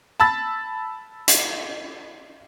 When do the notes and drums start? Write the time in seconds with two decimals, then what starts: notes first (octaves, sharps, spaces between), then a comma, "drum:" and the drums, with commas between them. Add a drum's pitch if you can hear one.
0.20 A5 B5 E6 A6
1.28 drum: hi-hat